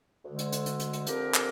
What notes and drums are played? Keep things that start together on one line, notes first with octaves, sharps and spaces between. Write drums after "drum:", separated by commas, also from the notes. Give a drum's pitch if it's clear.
D2 D3 G#3
drum: hi-hat
drum: hi-hat
drum: hi-hat
drum: hi-hat
drum: hi-hat
D3 F3 C4 G4 A#4, drum: hi-hat
drum: clap